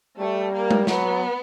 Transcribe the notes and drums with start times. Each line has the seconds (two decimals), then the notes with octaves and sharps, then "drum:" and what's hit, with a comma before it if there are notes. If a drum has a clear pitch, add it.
0.18 G3 A3
0.53 A#3
0.71 drum: tom G#3
0.87 F#3 B3, drum: snare